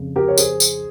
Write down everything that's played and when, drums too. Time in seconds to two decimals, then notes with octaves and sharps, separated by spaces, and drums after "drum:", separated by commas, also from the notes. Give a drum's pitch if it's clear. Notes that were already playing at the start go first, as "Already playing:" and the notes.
Already playing: F2 C#3
0.16 G4 A#4
0.28 C#5
0.38 G#4 C5, drum: tambourine
0.60 drum: tambourine